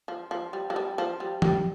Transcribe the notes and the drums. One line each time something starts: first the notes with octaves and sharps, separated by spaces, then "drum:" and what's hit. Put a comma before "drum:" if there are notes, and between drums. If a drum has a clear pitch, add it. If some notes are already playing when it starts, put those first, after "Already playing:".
F3
F3
G3
F3
G3
F3
G3
G3, drum: tom